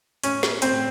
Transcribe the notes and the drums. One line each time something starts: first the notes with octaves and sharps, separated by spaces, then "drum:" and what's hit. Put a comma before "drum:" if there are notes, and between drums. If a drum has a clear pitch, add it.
C#4, drum: hi-hat
drum: snare
C4, drum: hi-hat